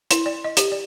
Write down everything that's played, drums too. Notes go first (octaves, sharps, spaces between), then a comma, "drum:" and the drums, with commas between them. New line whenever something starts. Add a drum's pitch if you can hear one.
E4, drum: hi-hat
D5
D#5
G4, drum: hi-hat
D5